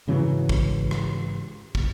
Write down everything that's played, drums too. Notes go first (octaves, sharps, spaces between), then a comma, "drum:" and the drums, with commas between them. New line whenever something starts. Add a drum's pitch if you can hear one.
G#2 C#3 E3 F#3
drum: kick
drum: rim click
drum: kick